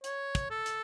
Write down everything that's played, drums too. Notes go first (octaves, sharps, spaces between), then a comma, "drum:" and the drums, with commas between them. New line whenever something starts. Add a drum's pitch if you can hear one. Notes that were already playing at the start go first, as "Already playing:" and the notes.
C#5, drum: hi-hat
drum: kick, hi-hat
A4
drum: hi-hat